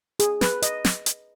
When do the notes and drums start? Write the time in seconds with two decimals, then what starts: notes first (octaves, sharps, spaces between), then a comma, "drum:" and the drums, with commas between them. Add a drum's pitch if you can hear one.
0.20 G#4, drum: hi-hat
0.41 B4, drum: snare
0.62 D#5, drum: hi-hat
0.85 drum: snare
1.06 drum: hi-hat